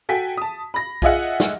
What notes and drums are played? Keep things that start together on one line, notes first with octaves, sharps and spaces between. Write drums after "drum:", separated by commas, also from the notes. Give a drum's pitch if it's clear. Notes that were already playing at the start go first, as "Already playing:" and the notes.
F#4 A4 G5 G#5 B6
A5 D#6
B5 A#6
F4 G#4 D#5 E5 F#5, drum: kick B1
drum: snare